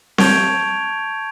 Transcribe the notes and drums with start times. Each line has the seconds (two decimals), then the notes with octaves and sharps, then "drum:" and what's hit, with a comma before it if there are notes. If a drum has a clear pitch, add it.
0.18 A5 C#6 G6 G#6 D7 F7, drum: snare C4